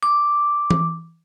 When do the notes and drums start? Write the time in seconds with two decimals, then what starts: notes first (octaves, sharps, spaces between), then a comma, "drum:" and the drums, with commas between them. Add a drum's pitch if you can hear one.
0.03 D6
0.70 drum: tom E3